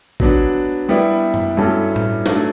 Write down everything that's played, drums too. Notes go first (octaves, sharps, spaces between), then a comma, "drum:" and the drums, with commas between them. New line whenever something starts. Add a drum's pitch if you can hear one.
F#3 B3 D4 F#4, drum: kick
G3 B3 E4 B4 D5
drum: tom F#2
G2 F#3 C#4 E4 A4
drum: tom A2
F#3 A3 D4 A4, drum: snare